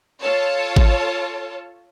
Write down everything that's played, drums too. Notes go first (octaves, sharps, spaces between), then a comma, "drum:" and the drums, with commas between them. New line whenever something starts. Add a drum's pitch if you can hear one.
F4 A4 C#5 A5
drum: kick G#1